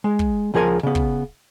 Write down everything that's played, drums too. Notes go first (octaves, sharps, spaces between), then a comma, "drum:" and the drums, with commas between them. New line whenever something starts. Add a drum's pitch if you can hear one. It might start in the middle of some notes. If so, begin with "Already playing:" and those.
G#3
drum: kick
C#2 F3 G#4 A#4 G#5
C#3 B3
drum: kick